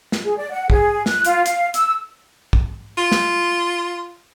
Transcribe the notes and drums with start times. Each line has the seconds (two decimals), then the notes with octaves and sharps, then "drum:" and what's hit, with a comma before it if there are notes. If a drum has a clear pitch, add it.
0.12 drum: snare
0.24 G#4
0.37 D5
0.51 F#5
0.70 G#4, drum: kick
1.06 F#6, drum: snare
1.25 F4, drum: hi-hat
1.46 F5, drum: hi-hat
1.74 E6, drum: hi-hat
2.53 drum: kick
2.97 F4
3.12 drum: snare